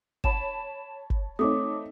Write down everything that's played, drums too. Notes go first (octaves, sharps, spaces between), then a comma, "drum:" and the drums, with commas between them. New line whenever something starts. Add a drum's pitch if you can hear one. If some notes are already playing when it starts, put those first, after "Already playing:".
C#5 A5 B5 E7, drum: kick G1
drum: kick G1
A3 C4 D#4 C#5 D6 D#6